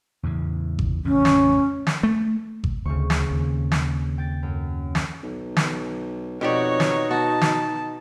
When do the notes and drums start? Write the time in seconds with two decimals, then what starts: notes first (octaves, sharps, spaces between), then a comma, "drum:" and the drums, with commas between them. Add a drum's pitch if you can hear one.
0.23 E2 A2 C#3
0.79 drum: kick G#1
1.05 A1 F2 C#3 C#4
1.25 drum: snare
1.87 drum: snare
2.03 A3
2.64 drum: kick G#1
2.86 D2 C#3 C4 C#6
3.10 drum: snare
3.31 D#2
3.72 drum: snare
4.18 G5 A6
4.43 F#2
4.95 drum: snare
5.23 B1
5.56 drum: snare
6.41 F2 B2 D#4 F#4 G4 C#5 D5
6.80 drum: snare
7.11 B2 F#4 A5
7.41 drum: snare